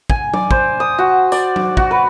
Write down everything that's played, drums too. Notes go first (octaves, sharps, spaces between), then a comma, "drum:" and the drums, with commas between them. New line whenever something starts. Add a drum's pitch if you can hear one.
G#5, drum: kick
D5, drum: tom F#3
C5, drum: kick
D#6
F#4
D5, drum: tambourine
drum: tom F#3
F#4, drum: kick
B4